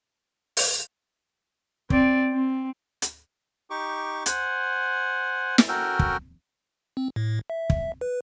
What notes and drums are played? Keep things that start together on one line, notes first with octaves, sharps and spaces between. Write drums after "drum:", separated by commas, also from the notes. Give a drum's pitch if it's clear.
drum: open hi-hat
C4 D5, drum: kick
C4
drum: hi-hat
D#4 G4 C#6 D6
C5 F#5 G#5, drum: hi-hat
drum: snare
C#4 F#4 A4 A#4 G5
drum: kick
C4
A2
E5
drum: kick
B4